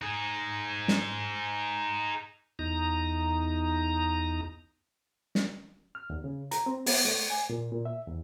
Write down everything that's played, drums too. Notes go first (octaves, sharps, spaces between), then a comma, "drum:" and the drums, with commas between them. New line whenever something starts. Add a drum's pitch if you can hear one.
D#4 G#4
drum: snare
E2 D#4 A#5
drum: snare
F6
D#2
C#3
A#5, drum: hi-hat
C4
B3, drum: open hi-hat
A3, drum: hi-hat
G#5
A#2
A#2
E5
E2